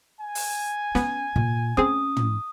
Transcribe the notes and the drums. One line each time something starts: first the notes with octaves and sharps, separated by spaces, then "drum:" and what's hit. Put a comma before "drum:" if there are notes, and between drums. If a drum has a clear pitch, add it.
G#5
drum: open hi-hat
B3 C#4, drum: snare
A#2
C4 C#4 G#4 D#6
drum: tom